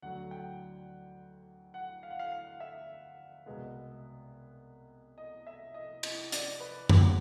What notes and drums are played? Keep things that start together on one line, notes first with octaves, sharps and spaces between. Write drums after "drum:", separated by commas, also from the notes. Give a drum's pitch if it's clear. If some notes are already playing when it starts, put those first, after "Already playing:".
D2 D3 F#3 A3 F#5
G5
F#5
F5
F#5
F5
F5
E5
C2 B2 G#3 B3
D#5
E5
D#5
D#5, drum: cymbal
D5, drum: hi-hat
B4
B1 A2 F#3 B3, drum: tom F#2